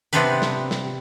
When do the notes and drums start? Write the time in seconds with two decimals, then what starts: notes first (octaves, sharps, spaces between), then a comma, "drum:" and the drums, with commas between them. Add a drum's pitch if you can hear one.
0.13 C3 B3 C4 D4 G4 B4, drum: hi-hat
0.42 drum: snare
0.71 drum: snare